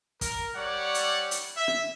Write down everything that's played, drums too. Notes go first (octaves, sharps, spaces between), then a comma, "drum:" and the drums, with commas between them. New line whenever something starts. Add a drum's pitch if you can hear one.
A#4, drum: kick, hi-hat
G3 C#5 D5 F#5
drum: hi-hat
drum: hi-hat
E5
drum: rim click